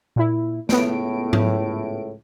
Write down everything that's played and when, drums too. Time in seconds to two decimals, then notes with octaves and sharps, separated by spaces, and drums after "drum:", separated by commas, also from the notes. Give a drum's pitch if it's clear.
0.16 A#2 E4
0.69 C#2 A2 B3 D7, drum: snare
1.33 drum: tom G#2